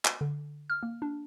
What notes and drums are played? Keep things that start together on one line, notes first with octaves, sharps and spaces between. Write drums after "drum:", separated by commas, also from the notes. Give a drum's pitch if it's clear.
drum: clap
D3
F6
A#3
D4